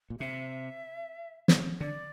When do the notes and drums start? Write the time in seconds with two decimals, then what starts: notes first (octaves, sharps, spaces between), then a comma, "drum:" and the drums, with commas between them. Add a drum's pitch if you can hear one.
0.10 A#2
0.20 C3 E5
1.48 drum: snare
1.80 D3 D5